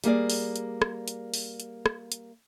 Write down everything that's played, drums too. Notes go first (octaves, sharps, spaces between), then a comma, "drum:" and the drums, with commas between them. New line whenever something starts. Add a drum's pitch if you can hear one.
G3 A#3 G#4 D5, drum: hi-hat
drum: open hi-hat
drum: hi-hat
drum: rim click
drum: hi-hat
drum: open hi-hat
drum: hi-hat
drum: rim click
drum: hi-hat